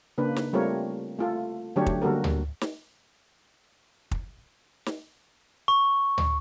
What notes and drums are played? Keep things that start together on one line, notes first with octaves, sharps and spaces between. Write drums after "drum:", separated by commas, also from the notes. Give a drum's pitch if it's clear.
C#3 A#3 D4 B4
drum: snare
G3 A3 C4 F4 A#4 C#5
A3 F4 A4
D3 F#3 A3 D4 G4 C#5
drum: kick
D3 G3 A#3 F#4 A4 A#4
drum: tom D2
drum: snare
drum: kick
drum: snare
C#6
drum: tom D2